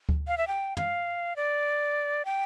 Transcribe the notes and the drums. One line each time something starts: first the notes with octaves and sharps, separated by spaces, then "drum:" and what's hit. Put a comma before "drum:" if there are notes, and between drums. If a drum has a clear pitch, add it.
drum: kick D2
F5
E5
G5
F5, drum: tom
D5
G5